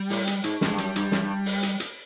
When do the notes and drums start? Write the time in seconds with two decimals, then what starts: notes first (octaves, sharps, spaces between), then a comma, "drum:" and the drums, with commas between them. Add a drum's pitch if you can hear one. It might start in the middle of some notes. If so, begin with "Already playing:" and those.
Already playing: G3
0.10 A2, drum: open hi-hat
0.27 drum: hi-hat
0.44 G#2, drum: hi-hat
0.61 G2, drum: snare
0.66 G#3
0.71 G2
0.78 F#2 G3, drum: hi-hat
0.96 G2, drum: hi-hat
1.12 F#2, drum: snare
1.23 G2
1.46 drum: open hi-hat
1.63 drum: hi-hat
1.80 drum: hi-hat